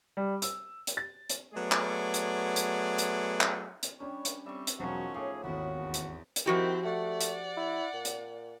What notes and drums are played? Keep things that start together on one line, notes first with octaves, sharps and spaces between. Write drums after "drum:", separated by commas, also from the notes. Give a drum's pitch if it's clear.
G3
E6, drum: hi-hat
drum: hi-hat
A6
drum: hi-hat
F#3 A3 B3 G#4 D5
drum: clap
drum: hi-hat
drum: hi-hat
drum: hi-hat
drum: clap
drum: hi-hat
G3 C#4 D4 C#5
drum: hi-hat
G3 C4 E5 C#6
drum: hi-hat
E1 D#3 F3 F#3 C#4 F#4 A#4 C5
A2 G#4 F5 C#6 D6
G#1 D#2 B3 C#4 E4 F#4
E2
drum: hi-hat
drum: hi-hat
D#3 F3 C4 E4 F#4 G4
A3 D5 F#5
drum: hi-hat
E4
A#2
drum: hi-hat